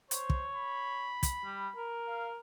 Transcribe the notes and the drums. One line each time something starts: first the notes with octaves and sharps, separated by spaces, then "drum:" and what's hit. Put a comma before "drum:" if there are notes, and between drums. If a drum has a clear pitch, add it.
C5 C#5, drum: hi-hat
drum: kick
B5
drum: kick, hi-hat
G3
A#4
F5